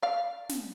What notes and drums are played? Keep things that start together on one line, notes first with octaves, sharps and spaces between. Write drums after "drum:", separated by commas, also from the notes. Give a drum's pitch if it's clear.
D5 F5
drum: snare